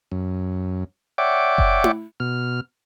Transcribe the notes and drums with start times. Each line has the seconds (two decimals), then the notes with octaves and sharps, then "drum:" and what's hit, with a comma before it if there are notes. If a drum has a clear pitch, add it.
0.12 F#2
1.18 C#5 D5 E5 F#5 G5 D6
1.58 drum: kick F#1
1.84 drum: tom E4
2.20 B2 F6